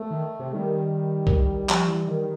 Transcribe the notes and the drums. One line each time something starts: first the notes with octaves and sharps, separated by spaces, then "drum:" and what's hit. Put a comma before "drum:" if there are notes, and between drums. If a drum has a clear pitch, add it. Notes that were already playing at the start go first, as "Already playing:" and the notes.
Already playing: A3
D#3
C3
D#3 G3
drum: kick B1
F3, drum: clap
E3
D#3